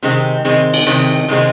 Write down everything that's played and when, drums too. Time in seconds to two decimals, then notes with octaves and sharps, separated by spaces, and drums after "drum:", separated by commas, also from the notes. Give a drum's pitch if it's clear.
0.03 C3 D#3 G#3 C4
0.45 C3 D#3 G#3 C4
0.74 drum: cymbal
0.86 C3 D#3 G#3 C4
1.28 C3 D#3 G#3 C4